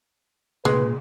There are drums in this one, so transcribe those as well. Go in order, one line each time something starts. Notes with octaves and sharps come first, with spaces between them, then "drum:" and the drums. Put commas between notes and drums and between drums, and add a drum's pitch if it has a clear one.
A#2 G#3 B4, drum: tom C3